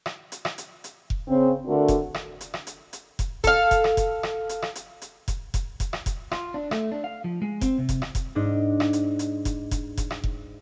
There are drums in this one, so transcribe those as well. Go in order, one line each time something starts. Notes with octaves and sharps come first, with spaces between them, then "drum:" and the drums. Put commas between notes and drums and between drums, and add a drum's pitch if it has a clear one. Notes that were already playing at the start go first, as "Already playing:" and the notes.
drum: rim click
drum: hi-hat
drum: rim click
drum: hi-hat
drum: hi-hat
drum: kick F1
C#3 C4
D3 A3 D4 F#4 A#4
drum: kick F1, hi-hat
drum: rim click
drum: hi-hat
drum: rim click
drum: hi-hat
drum: hi-hat
drum: kick F1, hi-hat
A4 F5, drum: kick F1, hi-hat
drum: kick F1, hi-hat
drum: rim click
drum: kick F1, hi-hat
drum: rim click
drum: hi-hat
drum: rim click
drum: hi-hat
drum: hi-hat
drum: kick F1, hi-hat
drum: kick F1, hi-hat
drum: kick F1, hi-hat
drum: rim click
drum: kick F1, hi-hat
F4, drum: rim click
D4
A3, drum: rim click
D4
F5
F3
G#3
C4, drum: kick F1, hi-hat
C3
drum: kick F1, hi-hat
drum: rim click
drum: kick F1, hi-hat
G#2 D4 D#4
drum: rim click
drum: hi-hat
drum: hi-hat
drum: kick F1, hi-hat
drum: kick F1, hi-hat
drum: kick F1, hi-hat
drum: rim click
drum: kick F1